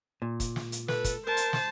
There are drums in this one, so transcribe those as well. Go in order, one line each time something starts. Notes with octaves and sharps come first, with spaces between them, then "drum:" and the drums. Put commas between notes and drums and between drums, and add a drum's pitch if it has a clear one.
A#2
drum: kick, hi-hat
drum: snare
drum: hi-hat
A4 B4, drum: snare
drum: kick, hi-hat
A#4 C5 A5
drum: hi-hat
drum: snare